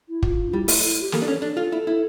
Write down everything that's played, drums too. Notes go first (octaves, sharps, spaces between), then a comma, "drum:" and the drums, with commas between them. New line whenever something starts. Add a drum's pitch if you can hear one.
E4
F4, drum: kick
D4
G3 E4
A3, drum: open hi-hat
E4
G4
A#3 A4, drum: snare
D4
C#4 A4
D4 A4
F4 A4
E4
E4